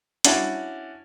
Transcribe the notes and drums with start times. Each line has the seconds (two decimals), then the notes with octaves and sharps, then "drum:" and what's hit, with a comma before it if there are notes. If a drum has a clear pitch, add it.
0.24 C#4 D4 E4 F#4, drum: hi-hat